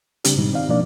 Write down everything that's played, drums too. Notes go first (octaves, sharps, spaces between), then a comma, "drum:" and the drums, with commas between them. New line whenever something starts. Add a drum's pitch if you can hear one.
C#3 G3 C4 D4 G4, drum: hi-hat
G#2 B2 D#3 G3 D#4
C4 D#4 D5 F5
B2 F3 A#3 D4 D5